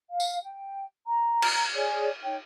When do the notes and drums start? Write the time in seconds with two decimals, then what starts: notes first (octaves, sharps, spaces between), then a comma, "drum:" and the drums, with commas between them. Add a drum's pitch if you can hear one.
0.09 F5
0.20 drum: tambourine
0.42 G5
1.07 A#5
1.42 drum: cymbal
1.74 G#4 C#5 D5 G#5
2.23 D#4 C#5 G5